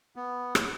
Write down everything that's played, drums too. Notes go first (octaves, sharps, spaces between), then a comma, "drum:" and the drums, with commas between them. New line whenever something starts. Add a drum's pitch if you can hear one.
B3
drum: rim click